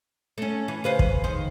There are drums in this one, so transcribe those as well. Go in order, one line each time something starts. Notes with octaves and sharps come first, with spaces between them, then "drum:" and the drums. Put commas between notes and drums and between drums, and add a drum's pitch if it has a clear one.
A3 C#4
E3
C#3 B4 C5
drum: kick
D#3 C5